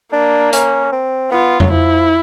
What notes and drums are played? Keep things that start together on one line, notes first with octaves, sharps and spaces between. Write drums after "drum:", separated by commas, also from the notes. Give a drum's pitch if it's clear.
A#3 D4
C#4, drum: hi-hat
C4
B3 F4
F#3, drum: tom F2
F3 E4